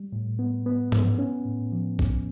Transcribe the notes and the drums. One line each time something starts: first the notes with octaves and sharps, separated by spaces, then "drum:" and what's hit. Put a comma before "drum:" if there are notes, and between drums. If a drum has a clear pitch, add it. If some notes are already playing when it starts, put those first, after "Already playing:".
Already playing: G3
A2
B3
B3
B3, drum: tom G#2
C#4
A2
F3
C#4, drum: kick A#1